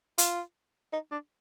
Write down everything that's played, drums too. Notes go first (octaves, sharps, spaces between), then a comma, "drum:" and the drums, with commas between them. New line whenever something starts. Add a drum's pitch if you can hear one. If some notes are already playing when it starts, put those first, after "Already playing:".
F4, drum: hi-hat
D#4
D4